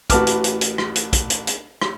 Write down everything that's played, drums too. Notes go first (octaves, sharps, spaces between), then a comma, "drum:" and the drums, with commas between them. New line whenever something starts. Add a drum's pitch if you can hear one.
A1 F#4 B4 A5 D6 F6, drum: kick, hi-hat
drum: hi-hat
drum: hi-hat
drum: hi-hat
drum: rim click
drum: hi-hat
drum: kick, hi-hat
drum: hi-hat
drum: hi-hat
drum: rim click